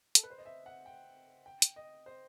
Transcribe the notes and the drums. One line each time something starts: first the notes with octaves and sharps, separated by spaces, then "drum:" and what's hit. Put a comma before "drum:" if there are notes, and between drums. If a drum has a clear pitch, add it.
A4, drum: hi-hat
B4
C5
D#5
E5
F#5
G5
G5
drum: hi-hat
D#5
C5